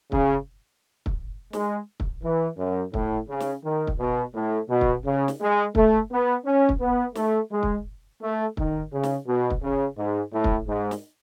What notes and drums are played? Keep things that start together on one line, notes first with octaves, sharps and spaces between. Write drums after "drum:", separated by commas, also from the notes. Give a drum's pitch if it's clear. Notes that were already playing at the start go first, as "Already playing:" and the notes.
C#3, drum: kick
drum: kick
G#3, drum: snare
drum: kick
E3
F#2
A2, drum: kick
C#3
drum: snare
D#3
drum: kick
B2
A2
B2
drum: kick
C#3
drum: snare
G#3
A3, drum: kick
B3
C#4
drum: kick
B3
A3, drum: snare
G#3
drum: kick
A3
D#3, drum: kick
C#3
drum: snare
B2
drum: kick
C#3
G#2
A2
drum: kick
G#2
drum: snare